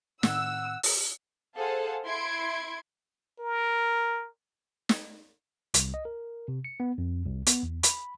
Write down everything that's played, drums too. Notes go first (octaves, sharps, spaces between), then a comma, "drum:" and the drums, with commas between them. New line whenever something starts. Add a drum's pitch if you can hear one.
A2 D#3 C4 F#5 E6, drum: snare
drum: open hi-hat
G#4 A4 C5 F5 F#5 A5
E4 C6 G#6 D7
A#4
drum: snare
C2, drum: hi-hat
D#5
A#4
C3
C#7
B3
F2
C2
B3, drum: hi-hat
E2
B5, drum: hi-hat